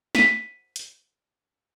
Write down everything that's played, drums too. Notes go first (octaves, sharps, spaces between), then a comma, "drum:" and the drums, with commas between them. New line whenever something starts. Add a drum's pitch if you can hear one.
B6 D#7, drum: snare
drum: hi-hat